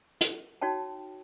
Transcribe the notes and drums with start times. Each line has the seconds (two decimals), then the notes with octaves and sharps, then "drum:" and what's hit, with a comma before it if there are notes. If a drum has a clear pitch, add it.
0.21 drum: hi-hat
0.62 D#4 F#4 C#5 G5 A5